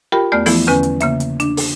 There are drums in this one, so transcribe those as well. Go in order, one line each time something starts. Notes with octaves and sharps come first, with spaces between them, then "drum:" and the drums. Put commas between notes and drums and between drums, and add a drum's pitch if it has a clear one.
F4 G4 A#4 G5 B5
E2 A3 B3 D5 F6
E3 F3 A3 B3 E4, drum: open hi-hat
E2 D3 C#4 B4 G#5
drum: hi-hat
C#3 A#3 E5, drum: hi-hat
drum: hi-hat
D4, drum: hi-hat
drum: open hi-hat